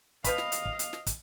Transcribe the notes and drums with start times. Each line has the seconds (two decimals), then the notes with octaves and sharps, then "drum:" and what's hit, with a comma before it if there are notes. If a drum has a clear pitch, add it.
0.24 F3 B4 D#5 F5 B5, drum: kick, hi-hat
0.38 drum: snare
0.52 drum: hi-hat
0.65 drum: kick
0.79 drum: hi-hat
0.93 drum: snare
1.06 drum: kick, hi-hat